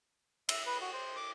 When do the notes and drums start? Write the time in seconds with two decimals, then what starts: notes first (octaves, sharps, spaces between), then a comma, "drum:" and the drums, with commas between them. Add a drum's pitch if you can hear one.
0.49 E5, drum: cymbal
0.66 B4
0.81 F#4
0.94 C5
1.16 D6